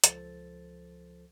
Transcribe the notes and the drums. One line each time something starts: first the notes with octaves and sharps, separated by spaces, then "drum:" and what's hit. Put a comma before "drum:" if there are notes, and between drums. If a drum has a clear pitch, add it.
C#2 F3 A4 C5 A6, drum: hi-hat